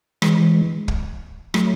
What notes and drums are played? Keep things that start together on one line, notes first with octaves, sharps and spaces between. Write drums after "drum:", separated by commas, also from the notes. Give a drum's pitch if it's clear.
E3 G#3, drum: rim click
drum: kick
F#3 A3, drum: rim click